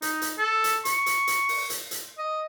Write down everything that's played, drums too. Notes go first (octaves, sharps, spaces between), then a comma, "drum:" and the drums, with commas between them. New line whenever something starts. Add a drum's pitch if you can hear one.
D#4, drum: hi-hat
drum: hi-hat
A4
drum: hi-hat
C#6, drum: hi-hat
drum: hi-hat
drum: hi-hat
drum: open hi-hat
drum: hi-hat
drum: hi-hat
D#5